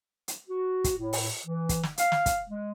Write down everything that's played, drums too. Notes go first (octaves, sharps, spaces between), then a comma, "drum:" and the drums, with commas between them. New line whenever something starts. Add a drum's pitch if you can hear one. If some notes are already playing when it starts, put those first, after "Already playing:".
drum: hi-hat
F#4
drum: kick, hi-hat
A2
drum: open hi-hat
E3
drum: kick, hi-hat
drum: snare
F5, drum: hi-hat
drum: snare
drum: kick, hi-hat
G#3